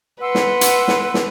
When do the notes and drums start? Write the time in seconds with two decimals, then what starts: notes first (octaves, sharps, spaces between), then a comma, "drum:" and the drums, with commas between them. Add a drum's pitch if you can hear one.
0.21 B4 F#5 C6 E6
0.35 drum: snare
0.61 drum: hi-hat
0.88 drum: snare
1.14 drum: snare